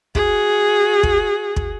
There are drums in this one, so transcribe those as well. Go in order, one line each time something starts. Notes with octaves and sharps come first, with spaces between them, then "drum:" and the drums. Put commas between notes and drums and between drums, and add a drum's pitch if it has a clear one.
F#4 G#4, drum: kick
drum: kick
drum: kick